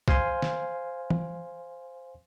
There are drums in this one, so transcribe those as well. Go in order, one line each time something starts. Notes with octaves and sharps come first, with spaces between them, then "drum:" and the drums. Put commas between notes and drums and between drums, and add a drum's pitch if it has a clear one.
C5 F5 G#5 C6, drum: kick C2
drum: snare
drum: tom